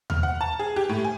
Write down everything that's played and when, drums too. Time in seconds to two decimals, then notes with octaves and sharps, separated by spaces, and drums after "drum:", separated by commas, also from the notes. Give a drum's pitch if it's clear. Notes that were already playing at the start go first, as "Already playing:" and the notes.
0.10 F6, drum: tom D#2
0.23 F#5
0.41 A5
0.59 G#4
0.76 G4
0.89 A2
1.05 G#5